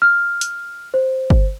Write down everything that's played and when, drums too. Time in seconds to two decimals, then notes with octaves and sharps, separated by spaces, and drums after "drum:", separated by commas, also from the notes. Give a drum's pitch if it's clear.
0.02 F6
0.41 drum: hi-hat
0.94 C5
1.30 drum: kick G1